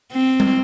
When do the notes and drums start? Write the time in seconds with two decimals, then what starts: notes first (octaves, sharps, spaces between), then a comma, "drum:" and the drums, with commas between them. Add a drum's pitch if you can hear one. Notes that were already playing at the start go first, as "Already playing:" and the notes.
0.12 C4
0.40 drum: tom G3